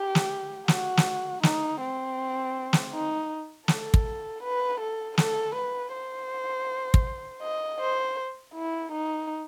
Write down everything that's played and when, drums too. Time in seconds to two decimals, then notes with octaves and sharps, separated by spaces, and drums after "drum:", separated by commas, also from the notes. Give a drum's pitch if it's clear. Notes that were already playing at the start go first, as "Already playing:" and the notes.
Already playing: G4
0.15 drum: snare
0.68 F#4, drum: snare
0.97 drum: snare
1.43 D#4, drum: snare
1.80 C4
2.73 drum: snare
2.93 D#4
3.68 A4, drum: snare
3.94 drum: kick
4.43 B4
4.80 A4
5.18 A4, drum: snare
5.55 B4
5.93 C5
6.94 drum: kick
7.43 D#5
7.80 C5
8.54 E4
8.92 D#4